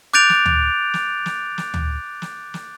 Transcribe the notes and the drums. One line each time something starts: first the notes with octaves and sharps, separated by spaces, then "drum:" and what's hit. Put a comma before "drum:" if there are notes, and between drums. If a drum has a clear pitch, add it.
D6 F#6 G6 A6 D7 F7
drum: snare
drum: tom
drum: snare
drum: snare
drum: snare
drum: tom
drum: snare
drum: snare